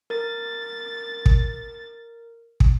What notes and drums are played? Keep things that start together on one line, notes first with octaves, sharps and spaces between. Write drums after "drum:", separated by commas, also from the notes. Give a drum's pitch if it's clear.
A#4 A6
drum: kick
drum: kick